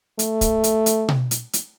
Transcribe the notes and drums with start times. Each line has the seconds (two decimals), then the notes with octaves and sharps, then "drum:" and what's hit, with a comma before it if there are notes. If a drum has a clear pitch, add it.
0.19 A3, drum: hi-hat
0.41 drum: kick, hi-hat
0.64 drum: hi-hat
0.86 drum: hi-hat
1.08 drum: tom B2
1.31 drum: hi-hat
1.53 drum: hi-hat